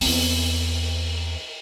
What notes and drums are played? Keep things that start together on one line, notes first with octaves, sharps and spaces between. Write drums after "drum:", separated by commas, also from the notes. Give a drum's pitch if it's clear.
E2 C4, drum: open hi-hat